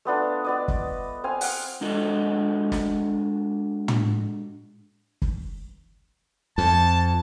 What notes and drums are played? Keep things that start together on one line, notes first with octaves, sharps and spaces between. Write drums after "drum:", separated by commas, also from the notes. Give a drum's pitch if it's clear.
A3 B3 D4 F4
B3 D5 D#5
drum: kick F#1
C4 F5 G#5
F5 F#5, drum: open hi-hat
G#3 D4 F4 F#4 A4 D#5
drum: snare
drum: tom
drum: kick F#1
F2 A5